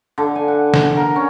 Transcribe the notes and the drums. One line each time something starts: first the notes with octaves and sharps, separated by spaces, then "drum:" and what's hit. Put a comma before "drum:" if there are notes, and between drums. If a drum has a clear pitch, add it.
D3
G#5
F#5
drum: snare
A#4
C#4